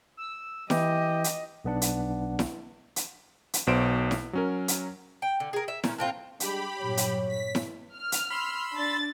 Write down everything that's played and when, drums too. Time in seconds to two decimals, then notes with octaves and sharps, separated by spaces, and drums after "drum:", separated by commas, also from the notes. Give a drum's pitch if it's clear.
0.17 E6
0.70 E3 G4 D#5, drum: snare E4
1.24 drum: hi-hat
1.64 B1 B3 D4 F#5
1.82 drum: hi-hat
2.39 drum: snare E4
2.96 drum: hi-hat
3.53 drum: hi-hat
3.67 B1 B2 C5 D7 E7
4.11 drum: snare E4
4.33 F#3 C#4 A#4
4.68 drum: hi-hat
5.22 G5
5.40 D3
5.53 G#4 A#4
5.68 E5
5.84 A#2 C#4, drum: snare E4
5.98 A2 C4 F4
6.40 G3 G#3 D4 G4 B5, drum: hi-hat
6.79 G2 A#2 F#3 C#5
6.97 drum: hi-hat
7.29 B6
7.55 drum: snare E4
7.97 F6
8.12 drum: hi-hat
8.31 B5 C6 E6
8.75 D4 A6